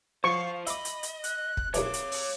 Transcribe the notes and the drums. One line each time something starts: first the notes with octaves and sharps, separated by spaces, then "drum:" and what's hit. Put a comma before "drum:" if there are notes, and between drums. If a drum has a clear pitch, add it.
F3 F4 C5 F5 C#6
D#5 E5 B5 D6, drum: hi-hat
drum: hi-hat
drum: hi-hat
F#6, drum: hi-hat
drum: kick
D#2 A#2 E3 C#5 F5 D6, drum: hi-hat
drum: hi-hat
drum: open hi-hat